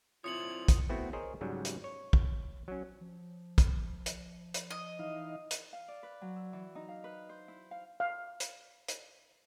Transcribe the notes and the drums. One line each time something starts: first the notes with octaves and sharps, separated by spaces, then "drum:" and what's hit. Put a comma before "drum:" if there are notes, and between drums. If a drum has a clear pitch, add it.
C4 E4 F4 C#5 D#6 C#7 F#7
drum: kick, hi-hat
A3 B3 C4 E4 F#4
G#4 A#4 C5 C#5 D#5
G#2 C#3 F#3 G3
drum: hi-hat
C#5
drum: kick
F#3 C#4
F3
drum: kick, hi-hat
drum: hi-hat
drum: hi-hat
D#5
E3 D#4 F5
drum: hi-hat
F5
D5
B4
F#3
E6
E3
D#4
F5
B4
C5
E4
F5
F5
drum: hi-hat
drum: hi-hat